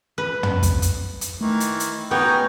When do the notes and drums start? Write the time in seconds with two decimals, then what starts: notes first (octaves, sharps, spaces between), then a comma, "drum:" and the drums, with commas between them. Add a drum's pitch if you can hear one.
0.18 B4
0.43 drum: tom
0.63 drum: kick, hi-hat
0.82 drum: hi-hat
1.21 drum: hi-hat
1.41 D#3 E3 A3
1.60 drum: hi-hat
1.80 drum: hi-hat
2.11 B3 C#4 D#4 F#4 C#5 G5